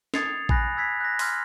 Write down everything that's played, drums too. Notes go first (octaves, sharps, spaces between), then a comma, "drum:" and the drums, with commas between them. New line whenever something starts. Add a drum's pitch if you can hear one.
D#6 G#6 A6 C7 C#7 F7, drum: snare
G#5 B5 F#6 A#6, drum: kick A#1
E6 G#6 B6 C7
F#6 A#6
C6 F6, drum: open hi-hat